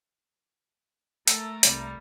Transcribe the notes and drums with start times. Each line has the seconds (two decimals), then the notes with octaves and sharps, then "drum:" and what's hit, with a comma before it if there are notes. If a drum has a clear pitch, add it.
1.28 A3 A4 A#4, drum: hi-hat
1.63 C2 G3, drum: hi-hat